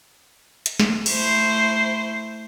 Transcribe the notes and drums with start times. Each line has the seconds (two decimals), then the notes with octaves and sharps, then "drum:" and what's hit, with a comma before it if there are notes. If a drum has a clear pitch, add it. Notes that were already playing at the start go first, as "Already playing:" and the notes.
0.66 drum: hi-hat
0.80 drum: snare
1.06 A3 E4 C5, drum: cymbal